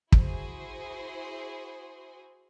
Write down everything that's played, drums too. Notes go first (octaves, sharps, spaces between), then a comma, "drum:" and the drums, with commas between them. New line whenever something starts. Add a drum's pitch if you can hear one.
E4 F#4 G#4 C5 C6 D#6, drum: kick